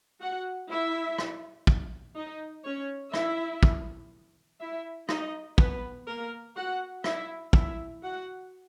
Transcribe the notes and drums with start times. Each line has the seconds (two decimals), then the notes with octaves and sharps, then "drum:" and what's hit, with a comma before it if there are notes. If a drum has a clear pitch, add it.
0.21 F#4 F#5
0.69 E4 E5
1.18 drum: rim click
1.67 drum: kick
2.16 D#4 D#5
2.65 C#4 C#5
3.14 E4 E5, drum: rim click
3.63 drum: kick
4.60 E4 E5
5.09 D#4 D#5, drum: rim click
5.58 B3 B4, drum: kick
6.07 A#3 A#4
6.56 F#4 F#5
7.04 E4 E5, drum: rim click
7.53 E4 E5, drum: kick
8.02 F#4 F#5